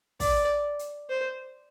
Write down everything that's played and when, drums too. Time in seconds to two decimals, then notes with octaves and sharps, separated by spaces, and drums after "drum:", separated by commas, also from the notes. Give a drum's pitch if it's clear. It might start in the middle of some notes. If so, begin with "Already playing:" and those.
0.20 D5, drum: kick, open hi-hat
0.79 drum: hi-hat
1.09 C5